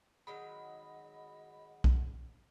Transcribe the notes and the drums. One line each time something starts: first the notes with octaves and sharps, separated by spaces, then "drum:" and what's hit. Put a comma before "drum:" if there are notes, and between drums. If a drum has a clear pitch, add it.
D#3 F#3 G#3 D#5 F#5 B5
drum: kick B1